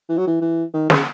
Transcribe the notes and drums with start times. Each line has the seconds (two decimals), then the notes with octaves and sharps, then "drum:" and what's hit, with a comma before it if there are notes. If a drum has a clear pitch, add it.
0.09 E3
0.17 F#3
0.27 E3
0.41 E3
0.74 D#3
0.90 C#3, drum: snare